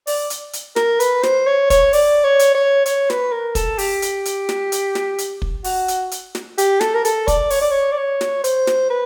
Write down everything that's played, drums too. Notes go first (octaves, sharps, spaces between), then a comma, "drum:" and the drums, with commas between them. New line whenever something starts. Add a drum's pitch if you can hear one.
D5, drum: open hi-hat
drum: hi-hat
drum: hi-hat
A#4, drum: snare
B4, drum: hi-hat
C5, drum: snare
C#5
C#5, drum: kick, hi-hat
D5, drum: open hi-hat
C#5
drum: hi-hat
C#5
C#5, drum: hi-hat
B4, drum: snare
A#4
A4, drum: kick, hi-hat
G4, drum: open hi-hat
drum: hi-hat
drum: hi-hat
drum: snare
drum: hi-hat
drum: snare
drum: hi-hat
drum: kick
F#4, drum: open hi-hat
drum: hi-hat
drum: hi-hat
drum: snare
G4, drum: hi-hat
A4, drum: snare
A#4
A4, drum: hi-hat
D5, drum: kick, hi-hat
C#5, drum: open hi-hat
D5
C#5
D5
C#5
drum: snare
C5, drum: hi-hat
drum: snare
B4